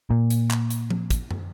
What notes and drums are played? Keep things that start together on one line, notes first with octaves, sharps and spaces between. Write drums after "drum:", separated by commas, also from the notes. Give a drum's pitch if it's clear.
A#2
drum: hi-hat
drum: clap
drum: hi-hat
drum: tom F3
drum: kick, hi-hat
drum: tom